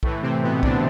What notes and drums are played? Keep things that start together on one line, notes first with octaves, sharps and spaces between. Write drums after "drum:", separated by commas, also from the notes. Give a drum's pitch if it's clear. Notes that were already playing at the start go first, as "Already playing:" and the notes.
A2 E3 A3, drum: kick B1
C3 C4
B2 B3
D3 D4, drum: kick B1